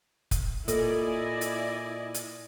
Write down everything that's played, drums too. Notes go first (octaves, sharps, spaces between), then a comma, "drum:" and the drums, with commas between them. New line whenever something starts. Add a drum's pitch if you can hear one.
drum: kick F1, hi-hat
A#2 E4 A4 A#4 D5 D#5 G#5, drum: hi-hat
drum: hi-hat
drum: hi-hat